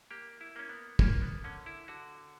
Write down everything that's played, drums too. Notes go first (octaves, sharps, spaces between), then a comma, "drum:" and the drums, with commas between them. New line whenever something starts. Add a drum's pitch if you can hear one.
A#3 G4
E4
A#3 C#4
B3
A#3 C#4, drum: kick
B3
D3 C#4
E4
D3 F#4